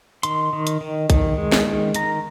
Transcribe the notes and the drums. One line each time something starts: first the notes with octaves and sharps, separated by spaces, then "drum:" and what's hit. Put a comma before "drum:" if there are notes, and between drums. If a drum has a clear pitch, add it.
D#3 C6, drum: hi-hat
D#3
drum: hi-hat
D#3
D#3, drum: kick, hi-hat
G#3
drum: snare
D#3
D#3 A#5, drum: hi-hat